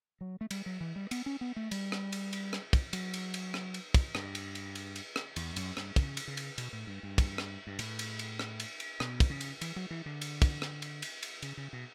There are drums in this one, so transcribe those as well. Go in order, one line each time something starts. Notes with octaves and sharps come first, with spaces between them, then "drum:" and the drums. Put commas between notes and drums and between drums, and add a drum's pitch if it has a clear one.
F#3
A3
G3, drum: cymbal
F#3
E3
G3
B3, drum: cymbal
C#4
B3
A3
G3, drum: cymbal
drum: rim click
drum: cymbal
drum: cymbal
drum: rim click
drum: kick, cymbal
F#3, drum: cymbal
drum: cymbal
drum: cymbal
drum: rim click
drum: cymbal
drum: kick, cymbal
G2, drum: rim click
drum: cymbal
drum: cymbal
drum: cymbal
drum: cymbal
drum: rim click
E2, drum: cymbal
F#2, drum: cymbal
G2, drum: rim click
C#3, drum: kick, cymbal
drum: cymbal
C#3
drum: cymbal
B2, drum: cymbal
A2
G2
G2
drum: kick, cymbal
drum: rim click
G2
A2, drum: cymbal
drum: cymbal
drum: cymbal
drum: rim click
drum: cymbal
drum: cymbal
B2, drum: rim click
drum: kick, cymbal
C#3
drum: cymbal
E3, drum: cymbal
F#3
E3
D3
drum: cymbal
drum: kick, cymbal
drum: rim click
drum: cymbal
drum: cymbal
drum: cymbal
C#3, drum: cymbal
C#3
B2